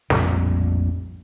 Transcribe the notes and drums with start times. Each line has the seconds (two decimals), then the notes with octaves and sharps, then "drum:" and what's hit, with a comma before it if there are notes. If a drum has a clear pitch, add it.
0.10 A#1 F2 A2 G3, drum: snare